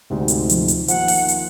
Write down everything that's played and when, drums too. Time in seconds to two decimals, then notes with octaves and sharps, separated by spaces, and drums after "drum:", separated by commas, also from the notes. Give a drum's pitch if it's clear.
0.10 D2 G#2 C3
0.28 drum: hi-hat
0.49 F3, drum: hi-hat
0.68 drum: hi-hat
0.88 D#2 F3 F#5, drum: hi-hat
1.08 drum: open hi-hat
1.28 drum: hi-hat